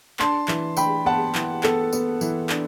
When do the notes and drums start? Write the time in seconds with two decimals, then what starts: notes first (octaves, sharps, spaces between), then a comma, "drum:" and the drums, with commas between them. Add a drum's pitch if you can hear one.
0.19 D4 A5 C6, drum: clap
0.48 E3, drum: clap
0.77 D4 G5 B5, drum: tambourine
1.05 B3 F#5 A5
1.35 E3, drum: clap
1.63 B3 A4, drum: clap
1.93 B3, drum: tambourine
2.21 E3, drum: tambourine
2.49 D4, drum: clap